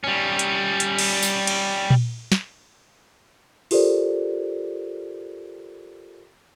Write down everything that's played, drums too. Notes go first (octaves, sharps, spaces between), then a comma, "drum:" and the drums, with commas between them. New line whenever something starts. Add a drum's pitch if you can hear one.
G3 C#4
drum: hi-hat
drum: hi-hat
drum: cymbal
drum: tambourine
drum: cymbal
drum: tom A#2
drum: snare
F4 G4 A4 A#4 C5 D5, drum: open hi-hat